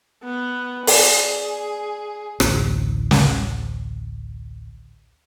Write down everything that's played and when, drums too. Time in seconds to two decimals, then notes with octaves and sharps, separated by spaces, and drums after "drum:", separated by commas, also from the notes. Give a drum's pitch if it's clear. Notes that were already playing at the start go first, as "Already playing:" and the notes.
0.24 B3
0.87 G#4 D5, drum: open hi-hat
2.40 A1 D2, drum: rim click
3.11 drum: snare